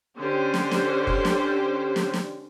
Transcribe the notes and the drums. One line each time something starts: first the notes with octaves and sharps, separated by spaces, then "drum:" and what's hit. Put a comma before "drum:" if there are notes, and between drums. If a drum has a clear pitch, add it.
D3 C#4 G4 C5
drum: snare
drum: snare
drum: kick
drum: snare
drum: snare
drum: snare